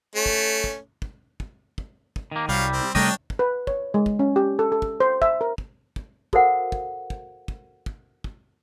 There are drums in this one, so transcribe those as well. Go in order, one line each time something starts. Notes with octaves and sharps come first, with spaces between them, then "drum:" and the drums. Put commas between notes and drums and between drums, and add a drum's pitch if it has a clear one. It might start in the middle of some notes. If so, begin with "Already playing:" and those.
A3 C#4
drum: kick
drum: kick
drum: kick
drum: kick
drum: kick
drum: kick
D#3 A#3
C2 F#3 G3 F5
C4
C3 G3 A3 D4 A#4 C#5 D#5 G5, drum: kick
drum: kick
B4
C#5, drum: kick
G#3
drum: kick
C#4
G4
A4
A4
drum: kick
C5
E5, drum: kick
A#4
drum: kick
drum: kick
F#4 A4 A#4 C5 F5 F#5, drum: kick
drum: kick
drum: kick
drum: kick
drum: kick
drum: kick